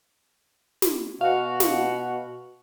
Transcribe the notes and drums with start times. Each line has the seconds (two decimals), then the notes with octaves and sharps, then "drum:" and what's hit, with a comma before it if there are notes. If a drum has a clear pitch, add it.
0.82 drum: snare
1.21 B2 F#4 F5
1.60 drum: snare